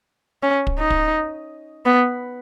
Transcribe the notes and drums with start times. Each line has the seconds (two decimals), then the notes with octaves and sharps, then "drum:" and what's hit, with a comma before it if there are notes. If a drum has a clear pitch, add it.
0.43 C#4
0.67 drum: kick
0.79 D#4
0.90 drum: kick
1.86 B3